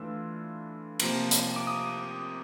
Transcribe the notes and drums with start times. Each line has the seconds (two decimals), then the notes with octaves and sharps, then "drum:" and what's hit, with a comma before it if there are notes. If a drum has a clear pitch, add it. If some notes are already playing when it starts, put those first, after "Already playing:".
Already playing: E3 A3 D4 F4 E6
1.00 C3 F3 A#3, drum: cymbal
1.31 drum: hi-hat
1.56 D6
1.67 D#6